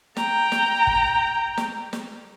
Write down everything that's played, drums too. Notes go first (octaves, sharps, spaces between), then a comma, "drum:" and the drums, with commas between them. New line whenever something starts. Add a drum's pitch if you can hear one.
G5 A#5, drum: snare
drum: snare
drum: kick
drum: snare
drum: snare